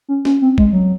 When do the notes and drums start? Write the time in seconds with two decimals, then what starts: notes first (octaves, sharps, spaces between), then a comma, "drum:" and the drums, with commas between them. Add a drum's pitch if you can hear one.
0.08 C#4
0.25 C#4, drum: snare
0.42 C4
0.58 G#3, drum: kick A#1
0.73 F#3